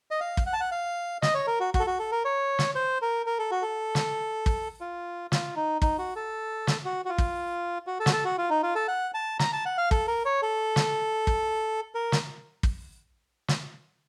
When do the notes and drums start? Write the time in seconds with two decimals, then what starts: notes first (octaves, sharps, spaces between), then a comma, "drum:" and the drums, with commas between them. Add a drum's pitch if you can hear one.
0.11 D#5
0.20 F5
0.37 drum: kick
0.46 F#5
0.53 A5
0.61 F#5
0.71 F5
1.22 D#5, drum: snare
1.35 C#5
1.47 A#4
1.60 F#4
1.74 F#4, drum: kick
1.80 A4
1.87 F#4
1.99 A4
2.12 A#4
2.25 C#5
2.59 drum: snare
2.75 C5
3.02 A#4
3.26 A#4
3.39 A4
3.51 F#4
3.62 A4
3.95 drum: snare
4.46 drum: kick
4.81 F4
5.32 F4, drum: snare
5.56 D#4
5.82 D#4, drum: kick
5.99 F#4
6.16 A4
6.67 drum: snare
6.85 F#4
7.05 F#4
7.09 F4
7.18 drum: kick
7.87 F#4
8.00 A4
8.06 F#4, drum: snare
8.13 A4
8.25 F#4
8.38 F4
8.50 D#4
8.63 F4
8.75 A4
8.88 F#5
9.14 A5
9.39 A#5, drum: snare
9.53 A5
9.66 F#5
9.78 F5
9.91 A4, drum: kick
10.08 A#4
10.25 C#5
10.42 A4
10.76 drum: snare
11.27 drum: kick
11.95 A#4
12.12 drum: snare
12.63 drum: kick
13.48 drum: snare